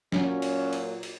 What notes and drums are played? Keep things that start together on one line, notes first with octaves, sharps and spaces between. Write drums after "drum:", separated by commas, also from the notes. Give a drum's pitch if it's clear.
A#2 F#3 C#4, drum: snare
drum: cymbal
drum: cymbal
drum: cymbal